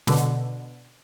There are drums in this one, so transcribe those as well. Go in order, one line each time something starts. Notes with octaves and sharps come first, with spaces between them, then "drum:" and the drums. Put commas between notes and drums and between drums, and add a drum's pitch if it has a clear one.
B2 D3, drum: snare